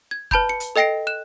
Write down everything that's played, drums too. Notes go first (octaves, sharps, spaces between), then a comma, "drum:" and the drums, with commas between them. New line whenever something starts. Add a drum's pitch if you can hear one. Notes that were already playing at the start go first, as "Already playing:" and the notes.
G#6
B4 A5 B5 G6, drum: kick F#1
C#7
drum: hi-hat
A4 D#5 G5 A#6 C7 D7
F#6 E7